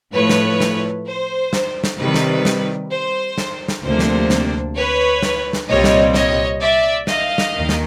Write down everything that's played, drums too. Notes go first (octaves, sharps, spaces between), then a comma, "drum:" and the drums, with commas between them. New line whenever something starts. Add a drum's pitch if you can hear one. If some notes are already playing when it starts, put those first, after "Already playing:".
A2 F3 A3 B4 C#5
drum: snare
drum: snare
C5
drum: snare
drum: snare
C3 D#3 G3 B4
drum: snare
drum: snare
C5
drum: snare
drum: snare
D2 C3 F3 A#3 D4 C5
drum: snare
drum: snare
B4 C#5
drum: snare
drum: snare
C2 A#2 G3 C4 C#5 D#5
drum: snare
C#5 D#5, drum: snare
D5 E5
D#5 F5, drum: snare
drum: snare
D#2 D#3
drum: snare